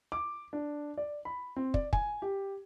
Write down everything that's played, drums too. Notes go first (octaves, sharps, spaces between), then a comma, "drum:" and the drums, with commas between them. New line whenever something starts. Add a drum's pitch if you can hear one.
D6
D4
D5
B5
C4
D5, drum: kick
G#5, drum: kick
G4